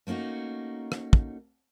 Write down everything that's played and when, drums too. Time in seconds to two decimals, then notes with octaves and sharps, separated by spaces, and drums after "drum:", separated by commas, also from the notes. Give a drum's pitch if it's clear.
0.07 A3 A#3 C#4 D#4 F#4
0.92 drum: rim click
1.13 drum: kick